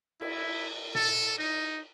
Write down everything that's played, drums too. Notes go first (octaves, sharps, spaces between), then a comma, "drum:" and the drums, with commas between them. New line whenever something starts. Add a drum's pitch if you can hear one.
E4, drum: cymbal
A4, drum: tom A#2
D#4